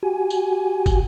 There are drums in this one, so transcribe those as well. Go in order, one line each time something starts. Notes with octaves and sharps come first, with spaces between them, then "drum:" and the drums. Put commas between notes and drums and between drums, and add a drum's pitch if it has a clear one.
F#4 G4 G#5
drum: tambourine
drum: kick, tambourine